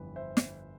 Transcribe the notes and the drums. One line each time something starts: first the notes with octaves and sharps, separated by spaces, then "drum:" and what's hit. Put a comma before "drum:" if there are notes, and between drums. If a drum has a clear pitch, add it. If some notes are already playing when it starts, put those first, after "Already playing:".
Already playing: G1 F2 E3 G3 B4
C5 E5
drum: snare